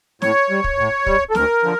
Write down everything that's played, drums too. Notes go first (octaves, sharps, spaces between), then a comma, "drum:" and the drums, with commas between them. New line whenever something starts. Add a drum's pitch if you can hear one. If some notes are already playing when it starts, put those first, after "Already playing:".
A2 C#5, drum: snare
G3
drum: kick
A2
G3, drum: kick
A4
D2 A#4, drum: snare
D3 F3